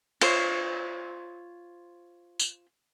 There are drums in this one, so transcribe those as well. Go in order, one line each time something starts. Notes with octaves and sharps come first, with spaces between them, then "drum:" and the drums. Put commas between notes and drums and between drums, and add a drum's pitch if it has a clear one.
F4 C5 C#5, drum: cymbal
drum: tambourine